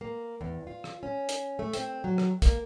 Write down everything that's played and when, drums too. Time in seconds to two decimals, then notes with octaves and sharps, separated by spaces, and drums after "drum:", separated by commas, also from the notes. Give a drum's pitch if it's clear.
0.01 A#3
0.41 E2
0.67 F4
0.84 drum: rim click
1.03 C#4
1.29 drum: hi-hat
1.59 A3
1.73 C4, drum: hi-hat
2.04 F#3
2.18 drum: rim click
2.42 A#3, drum: kick, hi-hat